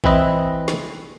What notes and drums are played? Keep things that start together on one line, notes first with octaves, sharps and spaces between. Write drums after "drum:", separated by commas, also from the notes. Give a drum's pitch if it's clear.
E3 C4 E4 B4 D#5, drum: kick A1
drum: snare